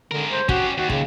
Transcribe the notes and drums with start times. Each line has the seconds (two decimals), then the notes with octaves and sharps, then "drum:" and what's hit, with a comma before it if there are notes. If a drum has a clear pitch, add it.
0.11 D3 G#3 A#4
0.30 C5
0.49 C#4 F#4 G4, drum: kick
0.78 D#2 F#4
0.90 C#3, drum: kick